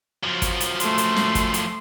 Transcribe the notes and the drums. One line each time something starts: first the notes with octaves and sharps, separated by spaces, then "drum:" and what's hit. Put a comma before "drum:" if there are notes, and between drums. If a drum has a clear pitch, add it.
F#2 F3
drum: kick, hi-hat
drum: hi-hat
A3 C6, drum: hi-hat
drum: hi-hat
drum: snare
drum: kick, hi-hat
drum: hi-hat